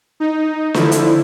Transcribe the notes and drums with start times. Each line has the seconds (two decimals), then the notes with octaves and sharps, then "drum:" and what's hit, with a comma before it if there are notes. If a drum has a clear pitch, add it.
0.20 D#4
0.74 D3 F3 E4, drum: snare
0.92 drum: hi-hat